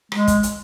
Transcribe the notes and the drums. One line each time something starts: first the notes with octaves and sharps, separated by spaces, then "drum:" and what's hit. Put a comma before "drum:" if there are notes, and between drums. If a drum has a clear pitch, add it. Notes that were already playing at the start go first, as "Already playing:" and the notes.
G#3, drum: rim click
drum: kick, hi-hat
drum: hi-hat